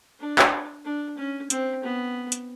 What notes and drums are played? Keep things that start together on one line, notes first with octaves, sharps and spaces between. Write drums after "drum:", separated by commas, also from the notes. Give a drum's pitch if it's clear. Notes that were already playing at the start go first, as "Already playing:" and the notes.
D4
drum: clap
D4
C#4
C4, drum: hi-hat
B3
drum: hi-hat